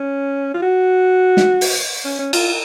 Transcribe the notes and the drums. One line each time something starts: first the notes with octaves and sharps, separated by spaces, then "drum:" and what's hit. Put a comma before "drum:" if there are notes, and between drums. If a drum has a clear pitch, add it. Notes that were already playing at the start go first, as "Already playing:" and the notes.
Already playing: C#4
F4
F#4
drum: snare
drum: open hi-hat
C#4
C#4
F4, drum: cymbal